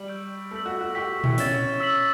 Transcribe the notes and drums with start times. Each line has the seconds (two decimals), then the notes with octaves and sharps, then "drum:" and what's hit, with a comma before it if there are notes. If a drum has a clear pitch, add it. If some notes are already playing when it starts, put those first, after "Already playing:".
Already playing: G3
0.08 C#6 E6 G6 D7
0.51 A3 E6 B6 F#7
0.66 F#4
0.81 F#4
0.95 G4 C#6 E6 B6
1.24 E4, drum: tom A#2
1.38 C#4 A6 E7 G7, drum: open hi-hat
1.80 E6 B6 F#7